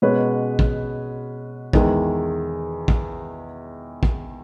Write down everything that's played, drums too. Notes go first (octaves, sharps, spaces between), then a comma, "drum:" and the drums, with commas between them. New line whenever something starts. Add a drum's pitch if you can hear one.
B2 G#3 C#4 F#4 B4
drum: kick
E2 D#3 G#3, drum: kick
drum: kick
drum: kick